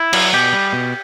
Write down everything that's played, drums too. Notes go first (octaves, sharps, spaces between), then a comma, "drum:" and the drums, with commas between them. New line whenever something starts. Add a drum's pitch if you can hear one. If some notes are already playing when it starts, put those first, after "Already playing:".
Already playing: E4
F#3, drum: cymbal
B2 G4
G3
B2